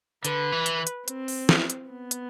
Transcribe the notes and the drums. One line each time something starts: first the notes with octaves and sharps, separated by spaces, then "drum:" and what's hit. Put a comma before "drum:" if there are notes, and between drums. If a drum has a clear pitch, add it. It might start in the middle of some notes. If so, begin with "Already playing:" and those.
D3 B4, drum: hi-hat
E3
drum: hi-hat
drum: hi-hat
C4, drum: hi-hat
drum: open hi-hat
drum: snare
drum: hi-hat
B3
drum: hi-hat